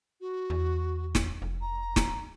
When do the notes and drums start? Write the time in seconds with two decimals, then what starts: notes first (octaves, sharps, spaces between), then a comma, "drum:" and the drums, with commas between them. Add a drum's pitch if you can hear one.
0.21 F#4
0.50 E2
1.15 drum: snare
1.42 F1
1.61 A#5
1.96 drum: snare